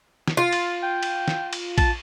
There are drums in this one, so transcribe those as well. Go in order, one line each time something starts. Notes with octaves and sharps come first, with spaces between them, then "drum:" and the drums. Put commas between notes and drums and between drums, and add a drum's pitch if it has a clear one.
drum: snare
F4
drum: cymbal
G5
drum: cymbal
drum: snare
drum: cymbal
A5, drum: kick A#1, cymbal